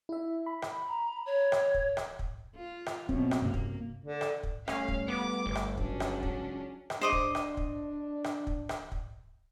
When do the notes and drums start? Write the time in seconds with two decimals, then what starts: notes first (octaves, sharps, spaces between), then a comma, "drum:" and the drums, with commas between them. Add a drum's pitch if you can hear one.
0.09 E4 E5
0.46 B5
0.62 drum: rim click
0.88 A#5
1.26 C#5
1.52 drum: rim click
1.74 drum: kick
1.97 drum: rim click
2.19 drum: kick
2.56 F4
2.86 drum: rim click
3.09 F#2 B2 C4, drum: kick
3.31 drum: rim click
3.42 G2 C3 A#3
3.54 drum: kick
4.05 D3
4.21 drum: rim click
4.43 drum: kick
4.68 G3 A3 C#4 F5, drum: rim click
4.88 drum: kick
5.08 B3 D6
5.46 G1
5.55 drum: rim click
5.77 C#2 F#3 C#4 D4, drum: kick
6.00 drum: rim click
6.23 drum: kick
6.90 drum: rim click
7.01 D4 C5 D#5 D6
7.12 drum: kick
7.35 drum: rim click
7.57 drum: kick
8.24 drum: rim click
8.47 drum: kick
8.69 drum: rim click
8.92 drum: kick